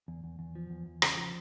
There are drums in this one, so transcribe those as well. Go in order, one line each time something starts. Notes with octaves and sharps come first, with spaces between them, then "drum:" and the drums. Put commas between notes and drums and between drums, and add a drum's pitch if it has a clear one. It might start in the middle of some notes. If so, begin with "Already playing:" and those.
E2
E2
E2
F3
E2
E2
C#3, drum: rim click
F3